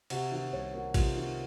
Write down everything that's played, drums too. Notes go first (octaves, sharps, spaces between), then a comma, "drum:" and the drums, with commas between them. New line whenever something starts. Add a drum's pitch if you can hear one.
C3 F#4, drum: cymbal
D#3 F#4
C2 C#5
A#3 F#4
C3 F4, drum: kick A1, cymbal
D#3 F#4